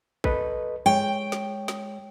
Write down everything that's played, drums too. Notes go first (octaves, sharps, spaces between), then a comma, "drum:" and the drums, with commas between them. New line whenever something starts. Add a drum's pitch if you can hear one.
A4 B4 D#5, drum: kick
G#3 C#5 G5
drum: snare
drum: snare